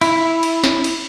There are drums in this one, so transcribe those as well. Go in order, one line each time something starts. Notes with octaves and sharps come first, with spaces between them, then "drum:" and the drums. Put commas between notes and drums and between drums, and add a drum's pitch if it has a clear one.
E4, drum: cymbal
drum: cymbal
drum: snare
drum: cymbal